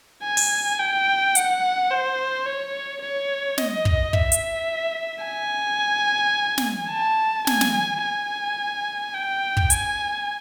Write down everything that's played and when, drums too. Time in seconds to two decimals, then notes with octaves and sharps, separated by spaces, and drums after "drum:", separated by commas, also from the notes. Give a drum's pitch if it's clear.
0.24 G#5
0.37 drum: open hi-hat
0.79 G5
1.35 F#5, drum: hi-hat
1.90 C5
2.46 C#5
3.02 C#5
3.58 D#5, drum: snare
3.85 drum: kick
4.13 E5, drum: kick
4.32 drum: hi-hat
5.24 G#5
6.58 drum: snare
6.91 A5
7.47 G#5, drum: snare
7.61 drum: snare
8.02 G#5
9.14 G5
9.57 drum: kick
9.70 G#5, drum: hi-hat